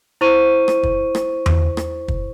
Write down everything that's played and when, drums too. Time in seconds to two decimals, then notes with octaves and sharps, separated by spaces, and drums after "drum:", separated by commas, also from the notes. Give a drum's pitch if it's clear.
0.21 E4 C5 C#6 D#7
0.68 drum: rim click
0.83 drum: kick
1.15 drum: rim click
1.46 drum: tom E2
1.77 drum: rim click
2.08 drum: kick